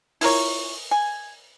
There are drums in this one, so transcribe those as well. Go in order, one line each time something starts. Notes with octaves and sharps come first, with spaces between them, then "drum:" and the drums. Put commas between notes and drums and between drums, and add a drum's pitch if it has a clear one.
E4 F4 A#4 C#5, drum: open hi-hat
G#5